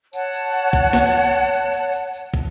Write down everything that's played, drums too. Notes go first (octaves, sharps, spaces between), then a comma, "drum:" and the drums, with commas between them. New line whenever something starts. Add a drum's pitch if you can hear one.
C#5 F#5 A5, drum: tambourine
drum: tambourine
drum: tambourine
drum: kick, tambourine
drum: snare
drum: tambourine
drum: tambourine
drum: tambourine
drum: tambourine
drum: tambourine
drum: tambourine
drum: kick